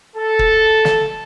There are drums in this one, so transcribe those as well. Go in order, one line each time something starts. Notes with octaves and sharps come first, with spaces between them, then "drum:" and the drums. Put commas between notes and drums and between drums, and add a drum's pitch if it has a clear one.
A4
drum: kick
drum: snare